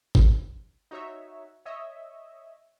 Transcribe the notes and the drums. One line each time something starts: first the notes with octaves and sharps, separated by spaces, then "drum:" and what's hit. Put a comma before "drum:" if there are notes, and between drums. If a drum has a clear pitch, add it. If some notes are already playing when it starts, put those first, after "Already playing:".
drum: kick G#1
D#4 F#4 C#5 E5
C#5 D#5 E5